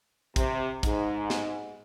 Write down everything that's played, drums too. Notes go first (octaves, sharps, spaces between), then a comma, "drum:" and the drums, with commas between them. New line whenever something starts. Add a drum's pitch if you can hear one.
C3, drum: kick, hi-hat
G#2, drum: kick, hi-hat
drum: snare